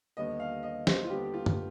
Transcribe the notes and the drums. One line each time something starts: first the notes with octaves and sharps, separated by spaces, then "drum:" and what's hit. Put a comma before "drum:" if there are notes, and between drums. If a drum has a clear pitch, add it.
D#2 D3 G3 B3 D#5
F5
D#5
C5, drum: snare
F4
D#2 D3 G3 B3 G4
F4
drum: tom